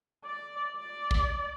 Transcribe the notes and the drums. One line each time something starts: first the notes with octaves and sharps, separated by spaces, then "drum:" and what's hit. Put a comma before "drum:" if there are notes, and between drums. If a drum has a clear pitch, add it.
D5
D5
drum: kick